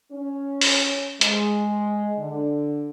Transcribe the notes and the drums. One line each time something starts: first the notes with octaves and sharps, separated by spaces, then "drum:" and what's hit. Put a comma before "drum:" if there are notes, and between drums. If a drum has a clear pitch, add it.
C#4
drum: open hi-hat
G#3, drum: hi-hat
D3